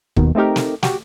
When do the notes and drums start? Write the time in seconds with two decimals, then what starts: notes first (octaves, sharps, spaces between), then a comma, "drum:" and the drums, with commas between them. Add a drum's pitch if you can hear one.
0.16 D#2 B2 D#3, drum: kick
0.35 A3 C4 D#4 G4 A#4
0.56 drum: snare
0.83 F#4 G4, drum: snare